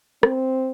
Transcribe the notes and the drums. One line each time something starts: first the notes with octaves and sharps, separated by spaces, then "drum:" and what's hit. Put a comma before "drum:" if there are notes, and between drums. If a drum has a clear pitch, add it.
C4, drum: rim click